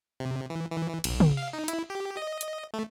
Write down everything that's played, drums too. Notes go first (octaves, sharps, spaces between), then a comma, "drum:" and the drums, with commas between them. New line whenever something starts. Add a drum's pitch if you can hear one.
C3
E3
E3
E3
B1, drum: cymbal
drum: tom
F5
D#4
E4, drum: hi-hat
G4
D#5
drum: hi-hat
A3